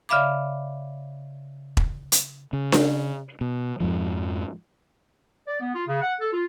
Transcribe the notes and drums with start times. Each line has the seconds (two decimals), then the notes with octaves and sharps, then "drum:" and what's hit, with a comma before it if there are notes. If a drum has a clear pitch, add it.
0.09 C#3 D5 E5 F5 B5 D6
1.77 drum: kick E1
2.12 drum: hi-hat
2.53 C#3
2.72 drum: snare D4
3.41 B2
3.80 F2 G#2 F3
5.47 D5
5.60 B3
5.74 F4
5.88 C#3
6.02 F#5
6.20 A4
6.33 F4